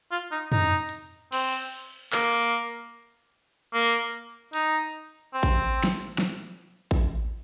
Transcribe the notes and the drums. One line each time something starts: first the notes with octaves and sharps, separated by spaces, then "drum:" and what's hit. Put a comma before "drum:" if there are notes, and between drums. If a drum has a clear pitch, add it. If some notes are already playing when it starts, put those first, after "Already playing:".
F4
D#4
D#4, drum: tom
drum: hi-hat
C4, drum: cymbal
A#3, drum: clap
A#3
D#4, drum: hi-hat
C4
drum: kick A1
drum: snare
drum: snare
drum: kick A1